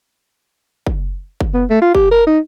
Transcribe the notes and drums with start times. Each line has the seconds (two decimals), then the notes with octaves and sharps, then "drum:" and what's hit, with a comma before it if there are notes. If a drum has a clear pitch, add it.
0.87 drum: kick
1.40 drum: kick
1.54 B3
1.70 A3
1.82 F4
1.95 G4, drum: kick
2.11 A#4
2.27 D#4